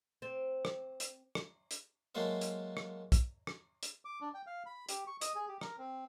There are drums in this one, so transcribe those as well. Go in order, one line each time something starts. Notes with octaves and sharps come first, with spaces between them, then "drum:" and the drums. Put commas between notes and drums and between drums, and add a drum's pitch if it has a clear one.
C4
drum: rim click
drum: hi-hat
drum: rim click
drum: hi-hat
F#3 G#3 A#3 A4 C5 E5
drum: hi-hat
drum: rim click
drum: kick, hi-hat
drum: rim click
drum: hi-hat
D6
D4
G5
F5
B5
G4, drum: hi-hat
C#6
D#5, drum: hi-hat
G#4
G4
A#4, drum: rim click
C4